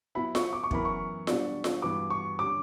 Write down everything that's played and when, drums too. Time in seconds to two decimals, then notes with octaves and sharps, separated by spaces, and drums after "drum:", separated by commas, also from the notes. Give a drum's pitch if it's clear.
0.15 F#3 B3 E4 B5
0.35 C#6, drum: snare F4
0.53 D6
0.64 C#6
0.71 F#2 E3 B3 E4 A#4 B5, drum: kick
0.85 C#6
1.27 B2 G3 B3 D4, drum: snare F4
1.64 drum: snare F4
1.82 G2 E3 B3 F#4 B4 D6
2.10 C#6
2.39 D3 G3 C#4 D6